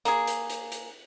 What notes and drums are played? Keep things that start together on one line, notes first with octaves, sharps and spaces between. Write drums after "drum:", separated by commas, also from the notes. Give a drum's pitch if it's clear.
A#3 G#4, drum: hi-hat
drum: hi-hat
drum: hi-hat
drum: hi-hat